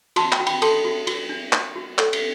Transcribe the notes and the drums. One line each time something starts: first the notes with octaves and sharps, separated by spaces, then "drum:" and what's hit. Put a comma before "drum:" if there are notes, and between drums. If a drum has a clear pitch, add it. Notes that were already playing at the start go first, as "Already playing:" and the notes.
F#4 A5 C6, drum: cymbal
G5 B5, drum: clap
F#4
G5 B5, drum: cymbal
A4 A5 C6, drum: cymbal
F#4
F#4, drum: cymbal
D4
D4, drum: clap
F#4
A4, drum: clap
drum: cymbal